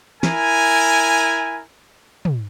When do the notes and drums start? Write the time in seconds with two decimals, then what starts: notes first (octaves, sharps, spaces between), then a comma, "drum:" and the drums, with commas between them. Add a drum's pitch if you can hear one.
0.23 E4 A#4 G#5, drum: snare
2.25 drum: tom